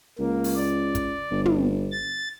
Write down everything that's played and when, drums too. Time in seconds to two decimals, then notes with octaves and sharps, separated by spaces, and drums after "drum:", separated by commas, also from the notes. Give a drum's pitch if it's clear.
0.19 C#2 A#3
0.44 drum: open hi-hat
0.56 D5
0.95 drum: kick, hi-hat
1.32 G1
1.45 drum: tom
1.92 A6